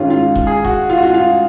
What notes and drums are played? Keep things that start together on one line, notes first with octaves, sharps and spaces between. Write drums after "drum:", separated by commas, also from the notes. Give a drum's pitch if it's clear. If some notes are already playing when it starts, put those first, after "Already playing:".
Already playing: G#2 D#3 G#3 C#4 F4
F4
drum: kick E1
G#4
F#4, drum: kick E1
F4
F#4
F4
F4